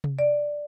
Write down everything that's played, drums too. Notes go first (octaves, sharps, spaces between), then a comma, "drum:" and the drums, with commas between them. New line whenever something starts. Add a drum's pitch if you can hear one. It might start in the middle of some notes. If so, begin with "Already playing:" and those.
drum: tom C3
D5